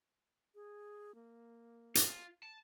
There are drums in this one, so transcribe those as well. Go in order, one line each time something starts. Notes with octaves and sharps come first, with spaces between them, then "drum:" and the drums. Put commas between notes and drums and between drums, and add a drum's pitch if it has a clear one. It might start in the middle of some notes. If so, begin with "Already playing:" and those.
G#4
A#3
F4, drum: hi-hat
A5